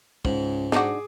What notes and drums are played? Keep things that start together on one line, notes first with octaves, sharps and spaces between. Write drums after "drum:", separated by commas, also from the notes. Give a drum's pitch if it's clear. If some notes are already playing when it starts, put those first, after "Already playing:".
C#2 G#2, drum: kick
D4 D#4 F#4 G#4 D6, drum: snare